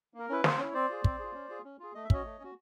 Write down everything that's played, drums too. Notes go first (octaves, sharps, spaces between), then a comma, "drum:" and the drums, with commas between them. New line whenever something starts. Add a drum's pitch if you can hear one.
A#3 A#4
C#4 E4 B4
A#3 C5, drum: snare
C#4 E4 C#5
C4 C5 D5
F4 G#4
C4, drum: kick
F4 G#4
C#4
F4 G#4
C#4
F4 G#4
A3 D#5
E5
C#4 F#4 C#5 D#5, drum: kick
A3
C#4 F#4